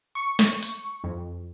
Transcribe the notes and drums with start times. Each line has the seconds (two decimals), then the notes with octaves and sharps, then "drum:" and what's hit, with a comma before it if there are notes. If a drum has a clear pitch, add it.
0.15 C#6
0.39 drum: snare
0.63 drum: hi-hat
1.04 F2